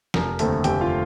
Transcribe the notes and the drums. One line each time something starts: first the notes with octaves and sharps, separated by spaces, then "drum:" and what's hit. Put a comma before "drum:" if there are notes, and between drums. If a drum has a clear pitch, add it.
F1 A#4 A#5, drum: snare
D#2 D3 A3 C4 A4 A5, drum: hi-hat
F1 G4 G5, drum: hi-hat
F4 F5